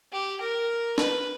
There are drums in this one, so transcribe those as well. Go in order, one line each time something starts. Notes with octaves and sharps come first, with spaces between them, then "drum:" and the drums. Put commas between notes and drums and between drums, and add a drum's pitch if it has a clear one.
G4
A#4
B4, drum: snare